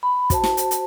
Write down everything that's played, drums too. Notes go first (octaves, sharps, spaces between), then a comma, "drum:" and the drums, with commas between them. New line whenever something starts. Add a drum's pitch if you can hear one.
B5
F#4 C5 A5, drum: kick, hi-hat
drum: snare
drum: hi-hat
drum: hi-hat